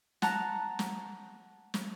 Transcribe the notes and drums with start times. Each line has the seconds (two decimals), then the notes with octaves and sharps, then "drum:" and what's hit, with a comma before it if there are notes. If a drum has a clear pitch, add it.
0.22 F#5 A5 A#5, drum: snare
0.79 drum: snare
1.74 drum: snare